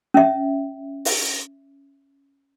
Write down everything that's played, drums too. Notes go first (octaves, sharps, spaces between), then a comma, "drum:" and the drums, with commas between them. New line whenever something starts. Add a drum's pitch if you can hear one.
C#4 E5
drum: open hi-hat